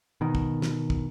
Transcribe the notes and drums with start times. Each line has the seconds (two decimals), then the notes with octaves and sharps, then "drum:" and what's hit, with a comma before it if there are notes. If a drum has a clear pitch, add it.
0.21 B2 D#3
0.35 drum: kick
0.62 drum: snare
0.90 drum: kick